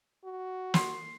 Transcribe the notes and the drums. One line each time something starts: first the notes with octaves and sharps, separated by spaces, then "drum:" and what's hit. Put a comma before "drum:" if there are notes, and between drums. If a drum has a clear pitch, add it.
F#4
C6, drum: snare